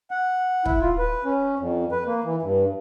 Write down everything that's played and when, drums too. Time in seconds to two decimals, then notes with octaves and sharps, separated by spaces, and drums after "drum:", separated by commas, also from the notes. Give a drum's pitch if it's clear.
0.11 F#5
0.66 E4, drum: kick
0.81 F4
0.99 B4
1.25 C#4
1.59 F2
1.92 B4
2.07 A#3
2.24 E3
2.43 G2